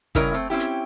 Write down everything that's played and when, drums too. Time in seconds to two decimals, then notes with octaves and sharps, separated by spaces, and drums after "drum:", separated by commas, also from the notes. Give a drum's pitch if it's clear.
0.15 C#3 G3 E4 A#4 C#5 D#5, drum: kick, hi-hat
0.34 A3 C4
0.50 C4 C#4 E4 G4
0.60 drum: hi-hat